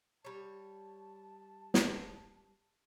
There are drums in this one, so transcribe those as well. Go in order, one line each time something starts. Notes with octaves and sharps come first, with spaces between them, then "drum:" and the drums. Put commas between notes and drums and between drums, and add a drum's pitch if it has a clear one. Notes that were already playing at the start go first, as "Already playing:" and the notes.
G3 C#5 A5
drum: snare